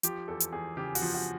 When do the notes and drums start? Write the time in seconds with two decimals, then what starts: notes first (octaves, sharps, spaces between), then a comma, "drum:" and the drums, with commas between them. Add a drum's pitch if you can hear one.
0.03 F3 G4, drum: hi-hat
0.28 E2 A4
0.40 drum: hi-hat
0.52 E2 G#4
0.77 C#3 G4
0.95 F#4, drum: open hi-hat
1.02 F3
1.14 F#4